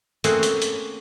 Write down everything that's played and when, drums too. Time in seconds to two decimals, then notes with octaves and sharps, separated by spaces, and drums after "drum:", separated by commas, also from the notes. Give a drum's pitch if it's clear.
0.24 A3 A#3 C4 C#4 F#4 G#4, drum: hi-hat
0.43 drum: hi-hat
0.62 drum: hi-hat